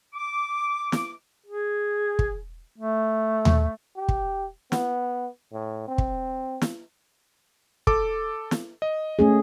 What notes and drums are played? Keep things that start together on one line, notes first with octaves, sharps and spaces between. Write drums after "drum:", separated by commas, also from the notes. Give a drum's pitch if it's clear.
D6
drum: snare
G#4
drum: kick
A3
drum: tom D#2
G4
drum: kick
B3, drum: snare
A2
C4
drum: kick
drum: snare
A4 D6, drum: kick
drum: snare
D#5
A3 C#4 G#4